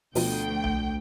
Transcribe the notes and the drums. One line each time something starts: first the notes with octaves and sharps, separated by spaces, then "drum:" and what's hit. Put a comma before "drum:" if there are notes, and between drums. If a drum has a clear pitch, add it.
D2 B2 F3 G5, drum: open hi-hat
drum: tom B1